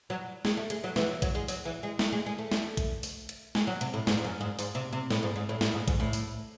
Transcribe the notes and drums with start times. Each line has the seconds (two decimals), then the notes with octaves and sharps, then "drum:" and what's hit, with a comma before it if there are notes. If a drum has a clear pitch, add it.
0.10 F#3
0.45 G#3, drum: snare
0.57 A3
0.70 G#3, drum: hi-hat
0.84 F#3
0.96 E3, drum: snare
1.09 F#3
1.22 F#3, drum: kick A1, hi-hat
1.35 G#3
1.48 F#3, drum: open hi-hat
1.65 E3
1.83 G#3
1.99 A3, drum: snare
2.12 G#3
2.26 G#3
2.38 A3
2.52 drum: snare
2.77 drum: kick A1, hi-hat
3.03 drum: open hi-hat
3.29 drum: hi-hat
3.55 G#3, drum: snare
3.67 F#3
3.81 C3, drum: hi-hat
3.94 A2
4.07 G#2, drum: snare
4.17 G#2
4.24 F#2
4.41 G#2
4.59 G#2, drum: open hi-hat
4.75 C3
4.93 C3
5.10 A2, drum: snare
5.23 G#2
5.36 G#2
5.49 A2
5.61 A2, drum: snare
5.74 G#2
5.88 G#2, drum: kick A1, hi-hat
6.00 A2
6.13 drum: open hi-hat